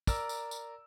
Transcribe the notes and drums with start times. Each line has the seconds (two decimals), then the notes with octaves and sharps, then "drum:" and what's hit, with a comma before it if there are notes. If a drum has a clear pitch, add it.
0.07 A#4 D5 A#5 E6, drum: kick, tambourine
0.29 drum: tambourine
0.51 drum: tambourine